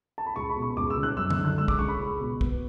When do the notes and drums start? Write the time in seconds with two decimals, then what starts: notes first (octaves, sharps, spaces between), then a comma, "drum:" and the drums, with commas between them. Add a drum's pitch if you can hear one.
0.18 A5
0.27 B5
0.36 C#2 C#6
0.50 B5
0.56 B2
0.62 C#6
0.77 C#2 D6
0.90 E6
0.97 C#3
1.03 F#6
1.17 F#2 E6
1.30 E6, drum: tom D#3
1.38 D3
1.45 F#6
1.58 G#3 E6
1.68 D6, drum: kick
1.79 C#3 C#6
1.88 B5
1.99 C#2
2.20 B2
2.41 B3, drum: kick